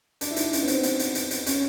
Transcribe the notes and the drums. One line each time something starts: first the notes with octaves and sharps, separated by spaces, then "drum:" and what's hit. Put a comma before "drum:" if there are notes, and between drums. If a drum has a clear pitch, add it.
D4, drum: hi-hat
E4
D#4, drum: hi-hat
C#4, drum: hi-hat
B3
C4, drum: hi-hat
B3, drum: hi-hat
drum: hi-hat
drum: hi-hat
drum: hi-hat
C#4, drum: hi-hat